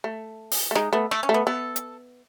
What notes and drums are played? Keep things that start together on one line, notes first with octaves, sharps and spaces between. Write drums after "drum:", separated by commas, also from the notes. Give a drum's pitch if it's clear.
A3
drum: open hi-hat
A3
G#3 D#4, drum: snare
A3 B3
A3, drum: snare
C#4
A3
B3
B3 A4
drum: hi-hat